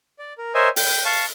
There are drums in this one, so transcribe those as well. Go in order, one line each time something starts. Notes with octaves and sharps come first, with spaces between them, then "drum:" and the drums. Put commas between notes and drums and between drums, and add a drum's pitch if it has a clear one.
D5
A#4
A#4 C5 C#5 D#5 E5 G#5
G5, drum: open hi-hat
F5 A5 C#6